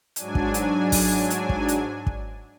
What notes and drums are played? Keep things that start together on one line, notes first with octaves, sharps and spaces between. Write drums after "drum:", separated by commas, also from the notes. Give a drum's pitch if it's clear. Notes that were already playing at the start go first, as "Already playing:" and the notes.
G#2 F#3 D4 G#5, drum: hi-hat
drum: kick
drum: hi-hat
drum: kick, open hi-hat
drum: hi-hat
drum: kick
drum: hi-hat
drum: kick